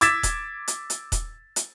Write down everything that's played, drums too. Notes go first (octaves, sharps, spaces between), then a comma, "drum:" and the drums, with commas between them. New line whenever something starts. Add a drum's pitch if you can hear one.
D6 E6 G#6 A6 B6 E7, drum: hi-hat
drum: kick D#1, hi-hat
drum: hi-hat
drum: hi-hat
drum: kick D#1, hi-hat
drum: hi-hat